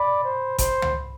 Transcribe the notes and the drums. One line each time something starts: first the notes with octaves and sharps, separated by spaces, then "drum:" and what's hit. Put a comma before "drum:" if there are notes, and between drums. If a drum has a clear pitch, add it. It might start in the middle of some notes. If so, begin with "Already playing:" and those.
Already playing: D5 B5
C5
C5, drum: kick G1, hi-hat
drum: tom